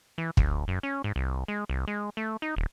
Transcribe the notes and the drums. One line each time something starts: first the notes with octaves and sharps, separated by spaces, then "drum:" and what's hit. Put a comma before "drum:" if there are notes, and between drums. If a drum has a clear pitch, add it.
E3
D2, drum: kick
F#2
C#4
G#2
C2
G#3
C2
G#3
A3
D#4
D#1